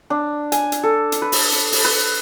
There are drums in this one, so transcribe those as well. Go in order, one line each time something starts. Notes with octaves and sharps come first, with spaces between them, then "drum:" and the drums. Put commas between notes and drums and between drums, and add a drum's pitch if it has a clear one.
D4
G#5, drum: hi-hat
drum: hi-hat
A4
drum: hi-hat
B4
drum: open hi-hat
drum: hi-hat
drum: open hi-hat
B4